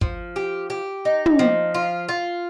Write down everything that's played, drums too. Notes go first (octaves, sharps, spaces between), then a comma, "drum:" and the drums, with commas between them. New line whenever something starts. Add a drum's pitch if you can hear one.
F3, drum: kick
G4
G4
D#4
drum: tom
F3
F4
F4